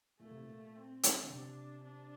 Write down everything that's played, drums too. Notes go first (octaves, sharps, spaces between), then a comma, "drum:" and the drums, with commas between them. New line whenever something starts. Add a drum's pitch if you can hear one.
A#2 A3
C3
A#2
C4
drum: hi-hat
D3
C3 D4
D4